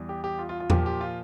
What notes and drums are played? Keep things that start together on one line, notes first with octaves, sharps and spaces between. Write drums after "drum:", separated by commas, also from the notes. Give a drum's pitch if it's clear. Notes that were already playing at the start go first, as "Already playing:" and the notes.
Already playing: E2 E3 G3
G4
G4
F4
F4
F4
A#2 F3 G4, drum: tom E2
G4
F4